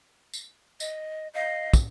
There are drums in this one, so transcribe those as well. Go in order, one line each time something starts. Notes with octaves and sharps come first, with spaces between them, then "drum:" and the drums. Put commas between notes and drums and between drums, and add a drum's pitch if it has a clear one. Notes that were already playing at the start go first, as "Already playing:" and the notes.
drum: tambourine
D#5, drum: tambourine
D#5 F5
drum: kick, tambourine